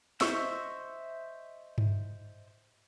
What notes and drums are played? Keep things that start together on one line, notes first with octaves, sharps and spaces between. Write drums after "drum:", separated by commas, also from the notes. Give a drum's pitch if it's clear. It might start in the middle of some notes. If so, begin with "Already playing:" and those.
C5 D#5 E5 C#6 E6, drum: snare
drum: tom G2